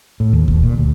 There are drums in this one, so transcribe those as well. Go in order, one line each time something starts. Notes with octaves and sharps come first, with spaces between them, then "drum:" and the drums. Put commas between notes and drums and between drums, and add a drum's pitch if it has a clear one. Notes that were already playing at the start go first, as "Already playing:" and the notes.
A2
D#2
D#2, drum: kick D2
A#2
D2